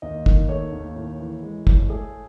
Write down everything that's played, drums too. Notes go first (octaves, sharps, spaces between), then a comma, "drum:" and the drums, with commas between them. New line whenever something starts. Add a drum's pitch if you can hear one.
D#2 D#5
D#3, drum: kick
A3 C#5
D#2
A2
E3
G#3
A2, drum: kick
A3 G#4